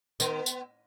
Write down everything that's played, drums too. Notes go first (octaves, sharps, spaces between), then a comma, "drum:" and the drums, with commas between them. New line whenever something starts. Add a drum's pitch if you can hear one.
D#3 B3, drum: tambourine
drum: tambourine